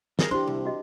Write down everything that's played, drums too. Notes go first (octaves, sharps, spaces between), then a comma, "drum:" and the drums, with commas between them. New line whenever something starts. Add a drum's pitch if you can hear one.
F#3 G#4 A#4, drum: snare
D4 E4 G4 C5 C6
C2
F#4 D#5